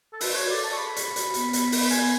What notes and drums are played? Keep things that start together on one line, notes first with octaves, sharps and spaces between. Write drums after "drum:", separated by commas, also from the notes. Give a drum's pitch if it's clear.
A4
F#4 B4, drum: open hi-hat
C#5
A4 D5
A5
C#6
G#4 B5
G#4, drum: hi-hat
F#4, drum: hi-hat
B3, drum: hi-hat
drum: hi-hat
drum: open hi-hat
G#5, drum: hi-hat